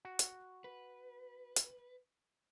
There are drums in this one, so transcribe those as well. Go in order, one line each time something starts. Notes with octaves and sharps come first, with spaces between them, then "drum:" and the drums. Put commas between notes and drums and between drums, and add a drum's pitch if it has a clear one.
F#4
drum: hi-hat
B4
drum: hi-hat